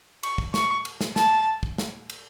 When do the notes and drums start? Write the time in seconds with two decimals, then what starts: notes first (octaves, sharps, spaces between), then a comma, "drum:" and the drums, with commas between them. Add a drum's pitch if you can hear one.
0.23 C#6, drum: cymbal
0.38 drum: kick
0.54 C#6, drum: snare
0.85 drum: cymbal
1.01 drum: snare
1.16 A5, drum: snare
1.63 drum: kick
1.78 drum: snare
2.10 drum: cymbal